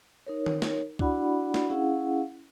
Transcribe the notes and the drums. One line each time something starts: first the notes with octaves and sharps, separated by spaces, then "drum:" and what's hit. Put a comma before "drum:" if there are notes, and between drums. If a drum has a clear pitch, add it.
D#4 A#4 C#5
drum: tom D#3
drum: snare
D4 E4 F#4 D5 F#5 B5, drum: kick C#2
drum: snare
C#4 E4 G#4 F5 F#5